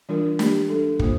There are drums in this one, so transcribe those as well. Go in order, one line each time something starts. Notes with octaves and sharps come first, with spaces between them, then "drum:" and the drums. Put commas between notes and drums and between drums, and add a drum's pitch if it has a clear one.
E3 G3 D4 F4 A#4
A#3 D4 G4, drum: snare
G3 D4 A4
G3 A#3 F4 C5, drum: kick